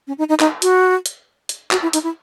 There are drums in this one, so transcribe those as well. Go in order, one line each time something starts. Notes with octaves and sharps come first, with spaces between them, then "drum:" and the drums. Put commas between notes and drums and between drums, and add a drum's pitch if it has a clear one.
C#4
D#4
D#4
D#4, drum: clap
F#4, drum: hi-hat
drum: hi-hat
drum: hi-hat
F#4, drum: clap
E4
D#4, drum: hi-hat
E4